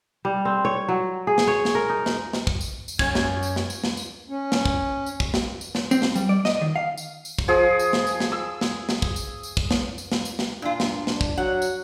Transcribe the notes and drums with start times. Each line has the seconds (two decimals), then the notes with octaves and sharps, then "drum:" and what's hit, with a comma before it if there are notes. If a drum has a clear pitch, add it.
0.25 G3
0.45 C4
0.65 C#5
0.89 F#3
1.27 G#4
1.38 drum: snare
1.48 C#5
1.65 drum: snare
1.75 A#4
1.90 D#4
2.06 drum: snare
2.33 drum: snare
2.47 drum: kick
2.61 drum: tambourine
2.88 drum: tambourine
2.99 F#2 C#4 F4 G#5 G#6, drum: kick
3.15 drum: snare
3.43 drum: tambourine
3.56 drum: snare
3.70 drum: tambourine
3.84 drum: snare
3.97 drum: tambourine
4.29 C#4
4.52 drum: snare
4.65 drum: kick
5.06 drum: tambourine
5.20 drum: kick
5.34 drum: snare
5.61 drum: tambourine
5.75 drum: snare
5.91 C4, drum: tambourine
6.02 drum: snare
6.15 G3, drum: tambourine
6.29 D5
6.45 D#5, drum: snare
6.61 D#3
6.76 F5
6.98 drum: tambourine
7.25 drum: tambourine
7.39 drum: kick
7.48 F3 G#4
7.79 drum: tambourine
7.93 drum: snare
8.07 drum: tambourine
8.20 drum: snare
8.32 E6
8.61 drum: snare
8.89 drum: snare
9.02 drum: kick
9.16 drum: tambourine
9.43 drum: tambourine
9.57 drum: kick
9.71 drum: snare
9.98 drum: tambourine
10.12 drum: snare
10.25 drum: tambourine
10.39 drum: snare
10.62 A#2 D4 F4
10.80 drum: snare
11.07 drum: snare
11.21 drum: kick
11.37 F#3 F#5
11.62 drum: tambourine